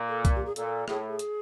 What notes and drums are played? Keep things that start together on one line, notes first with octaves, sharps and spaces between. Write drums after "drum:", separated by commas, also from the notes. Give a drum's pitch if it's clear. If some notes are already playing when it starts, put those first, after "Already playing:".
Already playing: A#2
A4
drum: kick C2, hi-hat
G4
G#4
A#2 A4, drum: hi-hat
A2 G#4, drum: rim click
G#4
drum: hi-hat